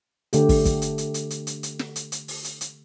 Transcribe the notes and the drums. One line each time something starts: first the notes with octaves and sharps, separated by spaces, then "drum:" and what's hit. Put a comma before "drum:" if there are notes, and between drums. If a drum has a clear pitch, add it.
D3 A3 G4, drum: hi-hat
drum: kick, open hi-hat
drum: kick, hi-hat
drum: hi-hat
drum: hi-hat
drum: hi-hat
drum: hi-hat
drum: hi-hat
drum: hi-hat
drum: snare
drum: hi-hat
drum: hi-hat
drum: open hi-hat
drum: hi-hat
drum: hi-hat